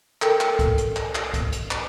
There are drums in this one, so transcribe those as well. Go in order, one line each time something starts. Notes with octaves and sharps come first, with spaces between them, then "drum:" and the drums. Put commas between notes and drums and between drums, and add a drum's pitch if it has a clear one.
A4 A#4 G5, drum: clap
drum: clap
drum: kick C2, hi-hat
drum: hi-hat
drum: clap
drum: clap
drum: kick C2, hi-hat
drum: hi-hat
drum: clap